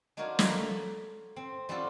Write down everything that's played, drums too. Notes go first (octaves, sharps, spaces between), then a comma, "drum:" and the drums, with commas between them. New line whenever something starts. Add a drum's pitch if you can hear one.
D4 D#4 F4 F#4 A#4 C#5
A4 C#5 E5 F5 G5 A#5, drum: snare
C4
G3 C4 D4 F4 F#4 A4